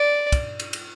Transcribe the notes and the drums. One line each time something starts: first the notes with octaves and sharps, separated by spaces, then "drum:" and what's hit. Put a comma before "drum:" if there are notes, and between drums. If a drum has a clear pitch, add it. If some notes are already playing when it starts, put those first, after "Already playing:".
Already playing: D5
drum: kick, cymbal
drum: cymbal
drum: cymbal